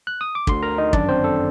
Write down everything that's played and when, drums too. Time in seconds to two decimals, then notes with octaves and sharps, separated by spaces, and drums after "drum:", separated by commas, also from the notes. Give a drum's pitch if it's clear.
0.07 F#6
0.21 D#6
0.35 D6
0.47 D2 D3 C6, drum: kick
0.63 A#4 A#5
0.78 D#4 D#5
0.93 G1 F#2 D#3 D4 D5, drum: kick
1.09 C4 C5
1.24 A4